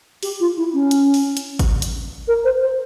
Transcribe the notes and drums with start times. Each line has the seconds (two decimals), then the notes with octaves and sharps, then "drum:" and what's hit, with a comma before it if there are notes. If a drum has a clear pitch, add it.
0.23 G4, drum: open hi-hat
0.40 F4
0.57 E4
0.74 C#4
0.91 drum: hi-hat
1.14 drum: open hi-hat
1.37 drum: hi-hat
1.59 drum: kick G#1, hi-hat
1.82 drum: hi-hat
2.28 A#4
2.44 C5
2.62 C5